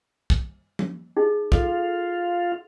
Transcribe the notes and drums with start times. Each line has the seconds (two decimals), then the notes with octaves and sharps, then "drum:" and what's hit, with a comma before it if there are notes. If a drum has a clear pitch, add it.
0.30 drum: kick
0.79 drum: tom F3
1.17 D#4 G#4
1.52 F4 A4, drum: kick